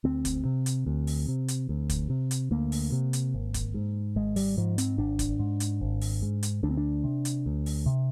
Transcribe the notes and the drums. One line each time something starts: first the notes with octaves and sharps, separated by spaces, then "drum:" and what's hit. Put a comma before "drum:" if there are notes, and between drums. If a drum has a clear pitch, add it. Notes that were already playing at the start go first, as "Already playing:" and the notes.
D2 C4
drum: kick, hi-hat
C3
drum: hi-hat
D2
drum: open hi-hat
C3
drum: hi-hat
D2
drum: kick, hi-hat
C3
drum: hi-hat
D2 A#3
drum: open hi-hat
C3
drum: hi-hat
G#1
drum: kick, hi-hat
G#2
G#1 G#3
G3, drum: open hi-hat
G#2 F3
C4, drum: hi-hat
G#1 D4
drum: kick, hi-hat
G#2
drum: hi-hat
G#1
drum: open hi-hat
G#2
drum: hi-hat
D2 D4
C4
D4
C3
drum: hi-hat
D2
drum: open hi-hat
C3